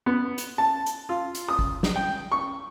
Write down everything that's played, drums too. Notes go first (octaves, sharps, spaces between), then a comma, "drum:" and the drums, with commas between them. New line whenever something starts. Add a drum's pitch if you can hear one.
B3
drum: hi-hat
A5
drum: hi-hat
F4
drum: hi-hat
D#6
drum: kick A1
drum: snare
G5
C#6